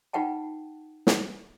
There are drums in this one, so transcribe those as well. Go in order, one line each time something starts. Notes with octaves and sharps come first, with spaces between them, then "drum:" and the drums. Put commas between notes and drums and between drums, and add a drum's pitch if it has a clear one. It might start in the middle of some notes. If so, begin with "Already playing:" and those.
D#4 F4 B4 F#5 G5 A5
drum: snare